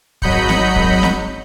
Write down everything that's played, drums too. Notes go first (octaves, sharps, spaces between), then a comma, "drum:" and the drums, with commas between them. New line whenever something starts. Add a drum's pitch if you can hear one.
G#1 F#3 D#5 B5 G6 C#7, drum: kick
drum: snare
drum: kick
drum: snare